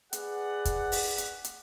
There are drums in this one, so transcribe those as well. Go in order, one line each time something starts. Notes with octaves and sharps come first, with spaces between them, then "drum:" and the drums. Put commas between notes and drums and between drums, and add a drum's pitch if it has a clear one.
G#4 B4 D5 F#5, drum: hi-hat
drum: kick, hi-hat
drum: open hi-hat
drum: hi-hat
drum: hi-hat